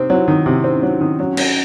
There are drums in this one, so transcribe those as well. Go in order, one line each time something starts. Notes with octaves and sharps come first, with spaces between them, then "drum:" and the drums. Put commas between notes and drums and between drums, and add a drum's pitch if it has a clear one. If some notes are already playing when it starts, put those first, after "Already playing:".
Already playing: C3 C4 D#4
F#3 E4
D#3
C3 D#4
C4 C#4
F#3 D#4
D#3 C4
F#3 C#4
F#3 C#4, drum: cymbal